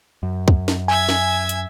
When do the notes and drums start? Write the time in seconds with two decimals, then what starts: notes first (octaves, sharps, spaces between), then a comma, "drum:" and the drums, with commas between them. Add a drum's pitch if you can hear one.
0.23 F#2
0.48 drum: kick
0.68 drum: snare
0.88 E5 G#5 G#6
1.09 drum: snare
1.49 drum: hi-hat